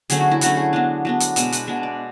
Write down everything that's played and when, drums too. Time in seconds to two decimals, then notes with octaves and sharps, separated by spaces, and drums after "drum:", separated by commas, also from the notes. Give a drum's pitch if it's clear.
0.10 D3 F#3 A3 C#4 G#4, drum: hi-hat
0.21 F#4
0.31 E4
0.41 D3 F#3 A3 C#4 F#4, drum: hi-hat
0.57 G#4
0.73 F#3 B3 D4
1.05 F#3 B3 D4
1.20 drum: hi-hat
1.36 B2 G#3 D4, drum: hi-hat
1.52 B4, drum: hi-hat
1.67 B2 G#3 D4 E5
1.83 D5